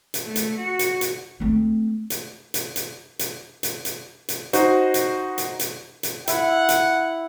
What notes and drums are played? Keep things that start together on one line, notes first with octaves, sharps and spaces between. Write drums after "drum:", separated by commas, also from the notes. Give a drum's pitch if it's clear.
drum: hi-hat
A3
drum: hi-hat
F#4
drum: hi-hat
drum: hi-hat
A3 C4
drum: hi-hat
drum: hi-hat
drum: hi-hat
drum: hi-hat
drum: hi-hat
drum: hi-hat
drum: hi-hat
D#4 F#4 C5, drum: hi-hat
drum: hi-hat
drum: hi-hat
drum: hi-hat
drum: hi-hat
E4 F#5, drum: hi-hat
drum: hi-hat